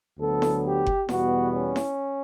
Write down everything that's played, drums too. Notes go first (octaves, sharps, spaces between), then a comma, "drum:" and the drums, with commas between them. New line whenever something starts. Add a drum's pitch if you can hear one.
D2 D3 F#3 B3 A4
drum: snare E4
G4
drum: kick F#1
E2 B2 G3 B3 F#4, drum: snare E4
C#4
drum: snare E4